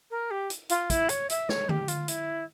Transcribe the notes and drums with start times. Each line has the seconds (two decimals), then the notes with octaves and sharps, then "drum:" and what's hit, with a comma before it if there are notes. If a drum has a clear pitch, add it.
0.10 A#4
0.30 G4
0.50 drum: hi-hat
0.69 F4, drum: hi-hat
0.90 E4, drum: kick, hi-hat
1.09 C#5, drum: hi-hat
1.30 E5, drum: hi-hat
1.49 C#5, drum: snare
1.69 G4, drum: tom D3
1.88 F4, drum: hi-hat
2.08 E4, drum: hi-hat